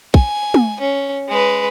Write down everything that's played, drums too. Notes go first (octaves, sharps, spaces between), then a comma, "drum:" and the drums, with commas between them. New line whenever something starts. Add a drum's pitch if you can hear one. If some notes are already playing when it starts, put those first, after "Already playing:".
G#5, drum: kick
drum: tom
C#4
G#3 B4